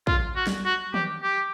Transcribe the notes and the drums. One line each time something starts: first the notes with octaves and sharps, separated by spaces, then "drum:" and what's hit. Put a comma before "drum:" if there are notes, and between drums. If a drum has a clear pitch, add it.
F4, drum: kick
F#4
drum: snare
F#4
G4, drum: tom
G4